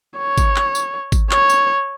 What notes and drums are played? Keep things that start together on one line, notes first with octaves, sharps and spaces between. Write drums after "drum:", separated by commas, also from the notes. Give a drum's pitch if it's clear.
C#5
drum: kick G#1, tambourine
drum: clap
drum: tambourine
drum: kick G#1, tambourine
C#5, drum: clap
drum: tambourine